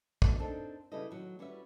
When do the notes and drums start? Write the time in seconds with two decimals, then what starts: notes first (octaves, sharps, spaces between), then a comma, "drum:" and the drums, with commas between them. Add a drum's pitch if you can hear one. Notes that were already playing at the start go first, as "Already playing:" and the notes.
0.22 F#2 B2 D3 D#3 A3, drum: kick
0.39 C4 D4 D#4 A4 A#4 C5
0.92 C#3 G3 E4 A4 B4 D#5
1.11 D#3 F#3
1.39 G3 C#4 F#4 B4 D5 E5